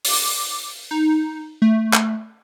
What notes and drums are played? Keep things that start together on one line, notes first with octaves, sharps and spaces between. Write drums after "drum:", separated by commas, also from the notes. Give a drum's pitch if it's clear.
D6, drum: open hi-hat
D#4
A3
drum: clap